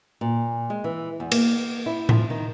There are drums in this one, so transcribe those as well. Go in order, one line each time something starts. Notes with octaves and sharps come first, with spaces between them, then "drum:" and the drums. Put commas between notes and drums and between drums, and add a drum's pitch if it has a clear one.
A#2
G#3
E3
E2
A#3, drum: cymbal
E4
F3, drum: tom A2
D#3